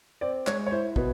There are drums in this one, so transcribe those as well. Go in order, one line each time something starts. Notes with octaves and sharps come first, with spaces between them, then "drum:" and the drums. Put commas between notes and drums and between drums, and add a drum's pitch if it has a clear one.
C4 D5
G#3 C#5, drum: clap
C#5
E4 C5
B2 B4, drum: kick